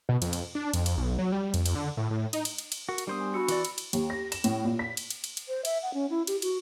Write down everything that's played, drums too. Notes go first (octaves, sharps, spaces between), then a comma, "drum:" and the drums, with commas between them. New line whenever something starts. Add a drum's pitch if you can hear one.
B2
F2, drum: cymbal
drum: cymbal
D4
F2, drum: cymbal
drum: cymbal
B1
F#3
G3
F2, drum: cymbal
drum: cymbal
D3
A2
A2
D#4, drum: cymbal
drum: cymbal
drum: cymbal
drum: cymbal
F#4 A#4
drum: cymbal
G3 B3 D4 C5 D#6
G#5
F#4 B5 E6 C#7
E3 D5, drum: cymbal
drum: cymbal
drum: cymbal
D#2, drum: cymbal
A#6
E7, drum: cymbal
A2, drum: cymbal
A#2
B6
drum: cymbal
drum: cymbal
drum: cymbal
drum: cymbal
C5
E5, drum: cymbal
F#5
C#4
E4
G4, drum: cymbal
F#4, drum: cymbal